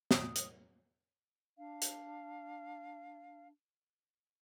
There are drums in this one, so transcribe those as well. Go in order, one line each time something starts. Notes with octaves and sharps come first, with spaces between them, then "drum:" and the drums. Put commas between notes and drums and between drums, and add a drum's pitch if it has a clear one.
D#6, drum: snare
drum: hi-hat
D4 F5
drum: hi-hat